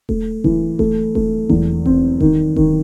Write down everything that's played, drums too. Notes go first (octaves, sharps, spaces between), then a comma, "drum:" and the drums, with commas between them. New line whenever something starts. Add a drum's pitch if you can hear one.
A3, drum: kick D#1
E3, drum: kick D#1
A3, drum: kick D#1
A3, drum: kick D#1
E2, drum: kick D#1
C4, drum: kick D#1
D#3, drum: kick D#1
D#3, drum: kick D#1